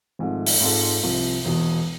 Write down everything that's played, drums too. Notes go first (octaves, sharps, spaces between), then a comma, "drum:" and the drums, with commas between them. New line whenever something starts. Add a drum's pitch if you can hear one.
G#1 G#2 F3 A3 C4
drum: open hi-hat
G#2 G#3 C4 F4 A4
C2 C3 F3
E1 E2 B2